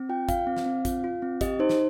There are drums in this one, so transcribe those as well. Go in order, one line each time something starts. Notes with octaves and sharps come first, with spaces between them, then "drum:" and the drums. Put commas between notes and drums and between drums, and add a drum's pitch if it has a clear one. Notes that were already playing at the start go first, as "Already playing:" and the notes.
Already playing: C4
F4 G5
F4 F5, drum: kick, hi-hat
C4
drum: snare
C4
F4, drum: kick, hi-hat
F4
C4
G4 D#5, drum: kick, hi-hat
D#4 C5
drum: snare